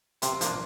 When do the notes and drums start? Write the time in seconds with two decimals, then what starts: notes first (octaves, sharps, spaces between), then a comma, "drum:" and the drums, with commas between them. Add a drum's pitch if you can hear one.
0.22 C3 C6, drum: hi-hat
0.41 F3 A#3 D4, drum: hi-hat